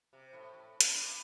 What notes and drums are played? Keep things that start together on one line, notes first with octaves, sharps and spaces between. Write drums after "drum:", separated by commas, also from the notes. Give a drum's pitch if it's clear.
C3
A2
A2
drum: hi-hat
G2